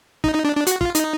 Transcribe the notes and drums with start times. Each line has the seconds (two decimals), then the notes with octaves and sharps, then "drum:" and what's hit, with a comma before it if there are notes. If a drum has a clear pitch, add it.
0.24 D#4, drum: kick
0.35 D#4
0.45 D4
0.56 D4
0.67 F#4, drum: hi-hat
0.81 F4, drum: kick
0.95 D#4, drum: hi-hat